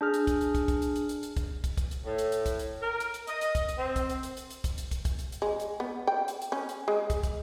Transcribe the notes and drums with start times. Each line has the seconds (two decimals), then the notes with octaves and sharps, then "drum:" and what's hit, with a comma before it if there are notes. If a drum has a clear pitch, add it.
0.01 D4 G#4 F6
0.14 drum: hi-hat
0.27 drum: kick, hi-hat
0.41 drum: hi-hat
0.55 drum: kick, hi-hat
0.68 drum: kick, hi-hat
0.82 drum: hi-hat
0.96 drum: hi-hat
1.09 drum: hi-hat
1.23 drum: hi-hat
1.37 drum: kick, hi-hat
1.64 drum: kick, hi-hat
1.77 drum: kick, hi-hat
1.91 drum: hi-hat
2.05 A2
2.18 drum: hi-hat
2.32 drum: hi-hat
2.46 drum: kick, hi-hat
2.59 drum: hi-hat
2.81 A#4
3.00 drum: hi-hat
3.14 drum: hi-hat
3.27 D#5, drum: hi-hat
3.41 drum: hi-hat
3.55 drum: kick, hi-hat
3.69 drum: hi-hat
3.78 C4
3.96 drum: kick, hi-hat
4.10 drum: hi-hat
4.23 drum: hi-hat
4.37 drum: hi-hat
4.50 drum: hi-hat
4.64 drum: kick, hi-hat
4.78 drum: hi-hat
4.91 drum: kick, hi-hat
5.05 drum: kick, hi-hat
5.19 drum: hi-hat
5.32 drum: hi-hat
5.42 G#3
5.60 drum: hi-hat
5.80 B3
6.07 G5
6.28 drum: hi-hat
6.42 drum: hi-hat
6.52 C#4
6.69 drum: hi-hat
6.88 G#3
7.10 drum: kick, hi-hat
7.23 drum: kick, hi-hat